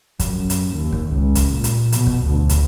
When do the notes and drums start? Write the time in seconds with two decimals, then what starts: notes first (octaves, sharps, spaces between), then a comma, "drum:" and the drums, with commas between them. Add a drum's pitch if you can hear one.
0.20 F#2, drum: kick, hi-hat
0.50 drum: hi-hat
0.75 D#2
0.92 drum: kick
1.12 C#2
1.35 drum: kick, hi-hat
1.50 A#2
1.64 drum: hi-hat
1.92 B2, drum: hi-hat
2.07 drum: kick
2.25 D2
2.49 drum: kick, hi-hat